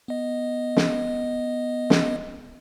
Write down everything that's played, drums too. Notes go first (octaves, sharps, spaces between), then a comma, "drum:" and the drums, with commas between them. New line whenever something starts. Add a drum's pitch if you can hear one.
B3 D#5
drum: snare
drum: snare